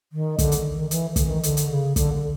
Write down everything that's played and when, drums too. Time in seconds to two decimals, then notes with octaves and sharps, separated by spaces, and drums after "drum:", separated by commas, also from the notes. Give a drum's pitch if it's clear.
0.12 D#3
0.38 D3, drum: kick, hi-hat
0.52 drum: hi-hat
0.73 D#3
0.91 E3, drum: hi-hat
1.16 D3, drum: kick, hi-hat
1.26 D#3
1.43 D3, drum: hi-hat
1.57 drum: hi-hat
1.70 C#3
1.96 D3, drum: kick, hi-hat
2.14 D3